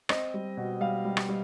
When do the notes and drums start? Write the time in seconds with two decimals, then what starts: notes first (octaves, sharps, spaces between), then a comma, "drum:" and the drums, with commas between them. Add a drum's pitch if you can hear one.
0.09 C4 D#5, drum: rim click
0.34 G3
0.57 B2
0.80 G3 F5
1.05 G3
1.17 drum: rim click
1.29 G3